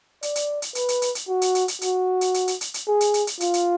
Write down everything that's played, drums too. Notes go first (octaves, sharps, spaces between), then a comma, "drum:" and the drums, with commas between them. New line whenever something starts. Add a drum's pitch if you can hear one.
D5, drum: hi-hat
drum: hi-hat
drum: hi-hat
B4, drum: hi-hat
drum: hi-hat
drum: hi-hat
drum: hi-hat
F#4
drum: hi-hat
drum: hi-hat
drum: hi-hat
F#4, drum: hi-hat
drum: hi-hat
drum: hi-hat
drum: hi-hat
drum: hi-hat
drum: hi-hat
G#4
drum: hi-hat
drum: hi-hat
drum: hi-hat
F4, drum: hi-hat
drum: hi-hat